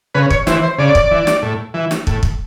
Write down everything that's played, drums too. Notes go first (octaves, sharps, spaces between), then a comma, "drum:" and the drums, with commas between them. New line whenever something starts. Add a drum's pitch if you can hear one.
C#3 B4
C#5, drum: kick
E3 C5, drum: snare
C5
C#3 D5
drum: kick
E3
drum: snare
A2
E3
drum: snare
A2, drum: kick
drum: kick